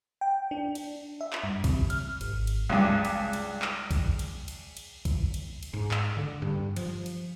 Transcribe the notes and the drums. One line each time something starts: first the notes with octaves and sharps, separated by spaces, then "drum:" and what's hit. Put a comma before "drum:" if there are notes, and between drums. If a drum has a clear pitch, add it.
G5
D4
drum: cymbal
E5
drum: clap
G2
C3, drum: kick A#1, cymbal
F6, drum: cymbal
G#1, drum: cymbal
drum: cymbal
C#2 G2
drum: cymbal
drum: cymbal
drum: clap
drum: kick A#1, cymbal
drum: cymbal
drum: cymbal
drum: cymbal
drum: kick A#1, cymbal
drum: cymbal
drum: cymbal
G#2
drum: clap
D3
G2
F3, drum: cymbal
drum: cymbal